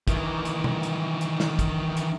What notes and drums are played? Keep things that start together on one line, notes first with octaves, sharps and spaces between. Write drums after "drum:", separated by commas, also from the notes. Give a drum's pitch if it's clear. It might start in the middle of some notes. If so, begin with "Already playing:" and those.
D#3 E3, drum: kick, hi-hat
drum: hi-hat
drum: tom B2
drum: hi-hat
drum: hi-hat
drum: snare
drum: kick, hi-hat
drum: hi-hat